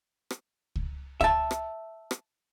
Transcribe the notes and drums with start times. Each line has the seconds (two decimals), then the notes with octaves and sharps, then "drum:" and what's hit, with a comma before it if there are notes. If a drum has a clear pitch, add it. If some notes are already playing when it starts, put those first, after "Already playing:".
0.31 drum: rim click
0.76 drum: kick C#2
1.21 E5 A5, drum: kick C#2
1.51 drum: rim click
2.11 drum: rim click